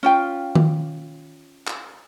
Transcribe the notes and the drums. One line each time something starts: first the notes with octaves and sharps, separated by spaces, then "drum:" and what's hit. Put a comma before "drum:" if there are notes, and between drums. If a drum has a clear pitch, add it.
C#4 F4 G5
drum: tom D#3
drum: clap